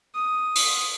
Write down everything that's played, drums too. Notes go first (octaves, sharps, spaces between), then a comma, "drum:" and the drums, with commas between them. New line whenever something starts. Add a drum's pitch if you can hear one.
D#6
drum: open hi-hat